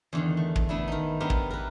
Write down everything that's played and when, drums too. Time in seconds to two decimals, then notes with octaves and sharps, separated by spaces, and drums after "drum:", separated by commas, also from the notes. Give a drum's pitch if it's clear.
0.13 E2 D3 D#3
0.37 A3
0.56 drum: kick
0.69 A3 B3 D4 E4
0.88 D#3 D#4
1.20 B3 D4 E4 G4 A#4 C5
1.30 drum: kick
1.50 A#4 B4